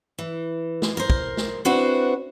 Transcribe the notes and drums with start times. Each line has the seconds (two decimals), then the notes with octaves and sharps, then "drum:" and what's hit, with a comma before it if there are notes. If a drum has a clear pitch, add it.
0.19 E3
0.82 drum: snare
0.97 A#4 C5
1.10 drum: kick
1.37 drum: snare
1.65 C4 D4 E4 F#4 B4 C5